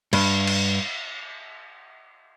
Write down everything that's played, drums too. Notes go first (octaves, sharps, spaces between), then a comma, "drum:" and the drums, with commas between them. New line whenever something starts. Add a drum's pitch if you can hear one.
G2, drum: cymbal
drum: cymbal